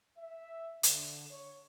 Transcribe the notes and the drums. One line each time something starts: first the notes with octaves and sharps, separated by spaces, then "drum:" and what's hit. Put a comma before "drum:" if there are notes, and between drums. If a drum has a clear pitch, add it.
E5
D3, drum: hi-hat
C#5